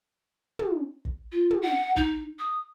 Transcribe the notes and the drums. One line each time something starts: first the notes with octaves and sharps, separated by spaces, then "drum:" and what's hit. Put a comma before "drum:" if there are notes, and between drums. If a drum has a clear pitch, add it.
drum: tom
drum: kick
F4
drum: tom
F#5
D#4, drum: kick
D#6